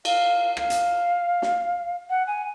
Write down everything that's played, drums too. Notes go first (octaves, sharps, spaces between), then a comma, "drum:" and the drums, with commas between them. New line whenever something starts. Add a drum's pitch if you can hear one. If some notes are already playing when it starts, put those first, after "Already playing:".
F5, drum: cymbal
F5, drum: rim click
drum: hi-hat
drum: snare
F#5
G#5